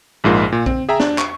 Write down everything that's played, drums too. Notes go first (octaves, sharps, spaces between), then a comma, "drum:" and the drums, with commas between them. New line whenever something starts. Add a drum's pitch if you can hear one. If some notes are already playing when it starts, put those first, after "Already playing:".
A#1 G#2 F4 A#4
A#2
C4, drum: kick A#1
G#4 E5 G5 A#5
D4, drum: snare
C#6, drum: clap